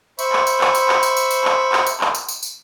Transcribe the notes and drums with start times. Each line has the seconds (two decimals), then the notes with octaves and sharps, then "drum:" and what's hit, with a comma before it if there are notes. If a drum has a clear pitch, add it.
0.19 C5 E5 B5 C#6, drum: tambourine
0.33 drum: clap
0.47 drum: tambourine
0.61 drum: clap
0.75 drum: tambourine
0.89 drum: clap
1.03 drum: tambourine
1.17 drum: tambourine
1.31 drum: tambourine
1.45 drum: clap
1.73 drum: clap
1.87 drum: tambourine
2.01 drum: clap
2.15 drum: tambourine
2.29 drum: tambourine
2.43 drum: tambourine